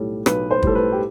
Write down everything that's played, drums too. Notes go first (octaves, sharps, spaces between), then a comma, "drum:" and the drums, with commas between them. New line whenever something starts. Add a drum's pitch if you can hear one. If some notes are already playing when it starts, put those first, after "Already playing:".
Already playing: B1 A2 G3 A4
B1 B4, drum: rim click
C5
A2 G3 A4, drum: kick
B4
G4